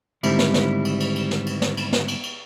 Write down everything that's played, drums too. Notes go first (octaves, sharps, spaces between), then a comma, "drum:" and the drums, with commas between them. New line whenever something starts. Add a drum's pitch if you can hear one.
G#2 D3 D#3 G3 C4 E4, drum: cymbal
drum: snare
drum: snare
drum: cymbal
drum: cymbal
drum: cymbal
drum: snare
drum: cymbal
drum: snare
drum: cymbal
drum: snare
drum: cymbal
drum: cymbal